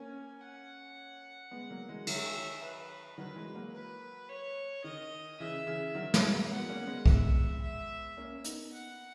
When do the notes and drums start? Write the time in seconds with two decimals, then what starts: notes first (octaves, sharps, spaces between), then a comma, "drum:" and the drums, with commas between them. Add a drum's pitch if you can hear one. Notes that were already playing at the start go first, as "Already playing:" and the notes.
Already playing: A#3 C#4 G#5
0.41 F#5
1.51 G#3 B3
1.70 F#3 A#3
1.89 E3 G#3
2.07 D#3 F#3 E5, drum: cymbal
2.62 B4
3.18 D#3 F#3 B4
3.36 E3 G#3
3.54 F#3 A#3
3.73 B4
4.29 C#5
4.84 D#3 D#5
5.40 C#3 E3 E5
5.67 C#3 E3
5.95 D#3 F#3
6.14 E3 G#3, drum: snare
6.32 F#3 A#3
6.50 G#3 B3 F#5
6.69 A#3 C#4
6.87 G#3 B3
7.06 G#3 B3 E5, drum: kick B1
7.62 E5
8.17 A#3 C#4
8.44 B3 D#4, drum: hi-hat
8.72 F#5